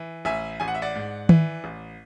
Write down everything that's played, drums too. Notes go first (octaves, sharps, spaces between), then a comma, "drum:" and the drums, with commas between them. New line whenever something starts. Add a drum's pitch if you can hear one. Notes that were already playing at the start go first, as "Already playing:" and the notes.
Already playing: E3
A1 E5 G#5
A1 G#5
F#5
E5
D5 F#5
G#2
E3, drum: tom D#3
A1